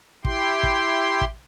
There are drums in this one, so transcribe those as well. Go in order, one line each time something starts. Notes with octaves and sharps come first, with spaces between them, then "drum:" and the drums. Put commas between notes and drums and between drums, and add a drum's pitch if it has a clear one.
E4 G4 G5 C6, drum: kick
drum: kick
drum: kick